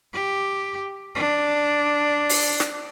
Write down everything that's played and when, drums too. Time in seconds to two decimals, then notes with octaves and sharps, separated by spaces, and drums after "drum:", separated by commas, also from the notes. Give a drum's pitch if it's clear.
0.14 G4
1.15 D4
2.29 drum: open hi-hat
2.60 drum: snare